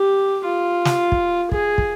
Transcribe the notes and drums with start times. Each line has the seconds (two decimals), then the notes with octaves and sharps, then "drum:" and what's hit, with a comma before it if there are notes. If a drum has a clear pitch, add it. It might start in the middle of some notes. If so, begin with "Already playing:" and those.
Already playing: G4
0.45 F4
0.85 drum: snare
1.12 drum: kick
1.52 G#4, drum: kick
1.78 drum: kick